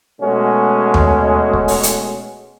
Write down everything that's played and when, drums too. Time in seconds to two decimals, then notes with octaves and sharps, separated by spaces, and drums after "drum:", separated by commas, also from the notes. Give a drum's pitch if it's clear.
0.21 B2 G#3 A3 C#4 F#4
0.94 drum: tom D#2
1.53 drum: kick C#1
1.68 drum: open hi-hat
1.83 drum: hi-hat